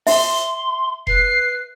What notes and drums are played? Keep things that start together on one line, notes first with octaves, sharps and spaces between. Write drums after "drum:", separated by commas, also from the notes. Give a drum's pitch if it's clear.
E5 C6, drum: open hi-hat
B4 C7, drum: kick F1